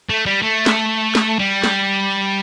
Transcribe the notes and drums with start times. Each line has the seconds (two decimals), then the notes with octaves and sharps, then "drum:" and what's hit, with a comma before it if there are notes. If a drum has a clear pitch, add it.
0.09 A3
0.26 G3
0.42 A3
0.66 drum: snare
1.15 drum: snare
1.39 G3
1.64 drum: snare